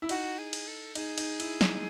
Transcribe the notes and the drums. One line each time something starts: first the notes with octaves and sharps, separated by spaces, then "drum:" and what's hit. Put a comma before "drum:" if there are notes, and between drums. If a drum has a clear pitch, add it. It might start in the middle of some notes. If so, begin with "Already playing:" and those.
E4
D#4 F#4, drum: cymbal
G#4
drum: cymbal
A4
D#4 G#4, drum: cymbal
D#4, drum: cymbal
E4, drum: cymbal
D#4, drum: snare